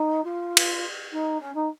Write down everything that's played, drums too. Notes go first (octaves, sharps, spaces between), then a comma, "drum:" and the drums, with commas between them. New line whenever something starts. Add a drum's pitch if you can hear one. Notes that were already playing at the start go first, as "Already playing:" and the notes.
Already playing: D#4
F4
drum: cymbal
D#4
C#4
D#4